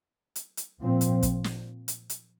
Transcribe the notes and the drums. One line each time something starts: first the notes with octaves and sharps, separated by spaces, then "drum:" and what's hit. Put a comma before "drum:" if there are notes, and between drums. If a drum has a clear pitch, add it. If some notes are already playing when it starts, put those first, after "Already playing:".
drum: hi-hat
drum: hi-hat
A#2 F3 C4
drum: hi-hat
drum: kick, hi-hat
drum: snare
drum: hi-hat
drum: hi-hat